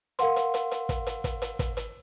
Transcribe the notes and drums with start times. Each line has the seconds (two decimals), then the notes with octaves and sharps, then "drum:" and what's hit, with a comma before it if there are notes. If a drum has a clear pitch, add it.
0.19 A#4 F5 F#5 C6, drum: hi-hat
0.36 drum: hi-hat
0.54 drum: hi-hat
0.71 drum: hi-hat
0.89 drum: kick, hi-hat
1.07 drum: hi-hat
1.24 drum: kick, hi-hat
1.42 drum: hi-hat
1.59 drum: kick, hi-hat
1.77 drum: hi-hat